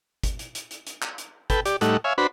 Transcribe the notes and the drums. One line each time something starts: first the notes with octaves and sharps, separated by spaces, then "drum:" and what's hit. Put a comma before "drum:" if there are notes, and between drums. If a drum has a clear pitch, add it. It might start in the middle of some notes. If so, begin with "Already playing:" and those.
drum: kick, hi-hat
drum: hi-hat
drum: hi-hat
drum: hi-hat
drum: hi-hat
drum: clap
drum: hi-hat
A4 B4 G5, drum: kick, hi-hat
G4 D5, drum: hi-hat
A2 G3 A3 D#4 F#5, drum: hi-hat
C#5 E5 F5 G#5
D4 F#4 B4 C5 B5